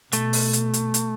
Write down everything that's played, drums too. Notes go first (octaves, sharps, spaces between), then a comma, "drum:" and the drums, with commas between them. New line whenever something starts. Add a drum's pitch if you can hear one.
B2 A3, drum: hi-hat
drum: open hi-hat
drum: hi-hat
drum: hi-hat
drum: hi-hat